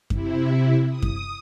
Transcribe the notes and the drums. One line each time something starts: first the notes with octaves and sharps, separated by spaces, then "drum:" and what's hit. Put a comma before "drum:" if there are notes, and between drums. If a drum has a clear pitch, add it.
C3 E4, drum: kick F#2
D#6
drum: kick F#2